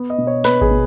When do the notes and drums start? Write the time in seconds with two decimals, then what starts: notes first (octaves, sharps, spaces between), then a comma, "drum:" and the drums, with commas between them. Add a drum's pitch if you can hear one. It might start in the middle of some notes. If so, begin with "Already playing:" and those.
Already playing: B3
0.10 D#5
0.18 B2
0.27 C#5
0.44 B3 B4, drum: snare
0.61 G#4, drum: kick G#1
0.71 B2